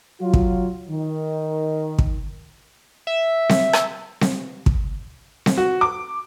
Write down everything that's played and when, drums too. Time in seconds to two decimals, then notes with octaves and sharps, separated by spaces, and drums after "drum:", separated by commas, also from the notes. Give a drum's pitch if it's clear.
0.21 F#3 F4
0.34 drum: kick
0.89 D#3
1.99 drum: kick
3.07 E5
3.49 drum: snare C4
3.73 drum: rim click
4.21 drum: snare C4
4.66 drum: kick
5.46 drum: snare C4
5.58 F#4
5.81 D6